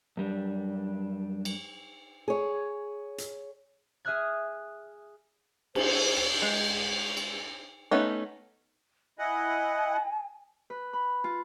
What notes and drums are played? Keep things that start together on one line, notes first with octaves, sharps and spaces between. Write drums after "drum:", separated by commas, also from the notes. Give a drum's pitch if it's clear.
F#2 G3 D4
drum: cymbal
G#4 C#5
drum: hi-hat
G#4 E5 D#6 F6 F#6 G#6
C5, drum: cymbal
drum: rim click
G#3
drum: cymbal
A3 B3 C#4 D#4
E4 D#5 F#5 G#5
B4
B5
F4